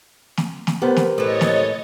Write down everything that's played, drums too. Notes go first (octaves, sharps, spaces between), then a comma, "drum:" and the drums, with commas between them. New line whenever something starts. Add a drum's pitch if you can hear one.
drum: snare
drum: snare
B3 G4 A#4 C5
drum: snare
A2 E3 C#5 D#5 A6
drum: snare